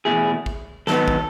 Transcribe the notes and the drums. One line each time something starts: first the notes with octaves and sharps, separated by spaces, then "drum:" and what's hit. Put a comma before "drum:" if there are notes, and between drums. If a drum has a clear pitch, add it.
E2 B2 A3 E4 G#4
drum: kick
G#2 D#3 F#3 B3 D#4 A4, drum: snare
drum: kick